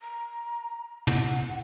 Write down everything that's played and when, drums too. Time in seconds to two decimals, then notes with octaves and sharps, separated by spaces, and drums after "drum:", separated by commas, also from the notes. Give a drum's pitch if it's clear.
0.01 A#5
1.07 F#5, drum: tom